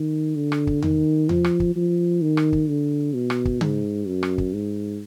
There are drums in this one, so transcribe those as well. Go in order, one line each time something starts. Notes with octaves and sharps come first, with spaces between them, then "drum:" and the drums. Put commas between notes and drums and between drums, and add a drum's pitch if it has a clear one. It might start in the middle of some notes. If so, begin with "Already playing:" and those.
Already playing: D#3
D3
drum: rim click
drum: kick
D#3, drum: tom E2
F3, drum: tom E2
drum: rim click
drum: kick
F3
D#3
drum: rim click
drum: kick
D3
B2
drum: rim click
drum: kick
G#2, drum: tom C#3
F#2
drum: rim click
drum: kick
G#2